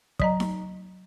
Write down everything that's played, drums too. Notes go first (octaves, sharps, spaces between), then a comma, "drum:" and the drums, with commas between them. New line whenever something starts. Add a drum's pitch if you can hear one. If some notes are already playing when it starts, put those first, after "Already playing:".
F#3 D#5 A#5, drum: kick
drum: snare D#4